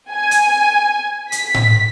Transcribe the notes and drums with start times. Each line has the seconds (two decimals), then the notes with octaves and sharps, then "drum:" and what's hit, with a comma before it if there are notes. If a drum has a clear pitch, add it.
0.11 G#5
0.31 drum: hi-hat
1.32 B6, drum: hi-hat
1.55 drum: tom A2